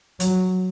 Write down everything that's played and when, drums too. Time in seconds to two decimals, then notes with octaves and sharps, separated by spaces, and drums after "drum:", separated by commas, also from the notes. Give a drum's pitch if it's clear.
0.20 F#3, drum: hi-hat